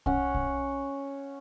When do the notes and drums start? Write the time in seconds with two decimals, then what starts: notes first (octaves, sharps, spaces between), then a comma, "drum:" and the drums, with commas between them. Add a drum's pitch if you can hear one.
0.06 C#4 F#5, drum: kick
0.35 drum: kick